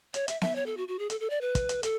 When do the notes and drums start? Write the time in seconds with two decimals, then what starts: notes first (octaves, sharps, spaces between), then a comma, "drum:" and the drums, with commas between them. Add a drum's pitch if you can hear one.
0.14 C#5, drum: hi-hat
0.28 E5, drum: hi-hat
0.41 E5, drum: snare B3
0.56 C#5
0.66 A4
0.77 F#4
0.88 F#4
0.99 G#4
1.10 A4, drum: hi-hat
1.20 A4
1.30 D5
1.41 B4
1.55 drum: kick, hi-hat
1.69 drum: hi-hat
1.83 A4, drum: hi-hat